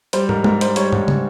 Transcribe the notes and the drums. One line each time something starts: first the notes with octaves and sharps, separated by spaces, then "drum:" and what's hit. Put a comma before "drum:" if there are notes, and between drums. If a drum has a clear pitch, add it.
G3 C5, drum: hi-hat
G#2 A#4, drum: tom
G#2 A#4, drum: tom
G3 C5, drum: hi-hat
G3 C#5, drum: hi-hat
G#2, drum: tom
drum: tom